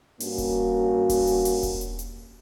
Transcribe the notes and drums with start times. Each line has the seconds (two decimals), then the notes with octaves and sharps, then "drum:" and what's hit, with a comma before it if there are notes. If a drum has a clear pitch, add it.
0.20 G2 A#3 C#4 F#4, drum: open hi-hat
0.38 drum: kick E1, hi-hat
1.09 drum: kick E1, open hi-hat
1.27 drum: hi-hat
1.45 drum: open hi-hat
1.63 drum: kick E1, hi-hat
1.81 drum: hi-hat
1.99 drum: hi-hat